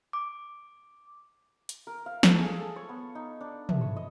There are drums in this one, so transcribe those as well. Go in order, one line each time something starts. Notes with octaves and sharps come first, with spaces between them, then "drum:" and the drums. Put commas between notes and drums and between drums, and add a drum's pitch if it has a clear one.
D6
drum: hi-hat
A#4
F5
A4, drum: snare
G#4
A4
C#5
B3
D#4
D4
E5, drum: tom
C#5
D#5